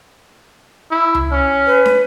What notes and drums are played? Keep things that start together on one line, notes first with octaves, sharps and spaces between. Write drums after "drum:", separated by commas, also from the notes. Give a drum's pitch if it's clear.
E4
drum: tom C#2
C#4
B4
drum: snare